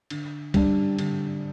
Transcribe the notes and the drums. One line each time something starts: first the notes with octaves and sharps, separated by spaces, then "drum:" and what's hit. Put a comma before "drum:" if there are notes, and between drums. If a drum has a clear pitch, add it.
D3, drum: cymbal
G3 D4, drum: kick, cymbal
D3, drum: cymbal